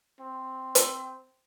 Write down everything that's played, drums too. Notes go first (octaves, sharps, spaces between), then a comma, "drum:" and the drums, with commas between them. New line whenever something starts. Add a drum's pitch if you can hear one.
C4
drum: hi-hat